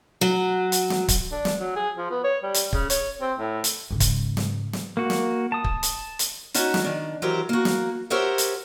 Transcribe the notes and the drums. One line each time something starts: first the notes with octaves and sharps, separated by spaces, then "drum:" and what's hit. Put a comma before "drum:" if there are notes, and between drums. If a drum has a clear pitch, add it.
F#3
drum: hi-hat
drum: snare
drum: kick, hi-hat
D4
drum: snare
F#3
G#4
F3
B3
C#5
G3
drum: hi-hat
C#3, drum: kick
C#5, drum: hi-hat
C4
A2
drum: hi-hat
G#2 C#3
drum: kick, hi-hat
drum: snare
drum: snare
A#3 F#4
drum: snare
A5 D#6
drum: kick
drum: hi-hat
drum: hi-hat
C#4 D#4 F#4 A5, drum: hi-hat
drum: snare
D#3 D4
E3 F#3 G4 A#4 C5
A#3 F#4
drum: snare
G4 A#4 C5 C#5 E5 F#5
drum: hi-hat